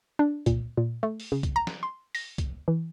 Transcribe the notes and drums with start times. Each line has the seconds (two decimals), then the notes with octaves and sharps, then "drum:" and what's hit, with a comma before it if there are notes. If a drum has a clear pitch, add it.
0.19 D4
0.46 A#2, drum: kick, hi-hat
0.77 A#2
1.03 A3
1.20 drum: open hi-hat
1.32 C#3
1.43 drum: kick, hi-hat
1.56 A#5
1.67 drum: snare
1.83 C6
2.15 A#6, drum: open hi-hat
2.38 drum: kick, hi-hat
2.68 E3